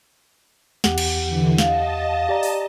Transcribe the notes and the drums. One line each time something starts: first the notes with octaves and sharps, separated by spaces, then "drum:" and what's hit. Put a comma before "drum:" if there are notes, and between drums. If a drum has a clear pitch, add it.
E2 G4 F#5, drum: snare
drum: cymbal
D3 E3
D#5 F5 A5, drum: snare
G4 D5 A#5
drum: open hi-hat